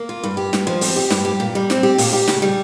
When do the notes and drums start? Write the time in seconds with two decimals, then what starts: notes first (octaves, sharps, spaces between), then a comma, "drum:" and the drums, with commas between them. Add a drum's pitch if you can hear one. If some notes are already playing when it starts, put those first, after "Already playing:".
Already playing: A#3
0.09 F4
0.24 G2
0.37 G4
0.53 G2, drum: snare
0.67 F3
0.81 C4, drum: open hi-hat
0.96 G4
1.10 G2, drum: snare
1.25 G4
1.40 A#2
1.55 G3
1.70 C4, drum: snare
1.83 G4
1.98 A#2, drum: open hi-hat
2.13 G4
2.28 C#3, drum: snare
2.42 G3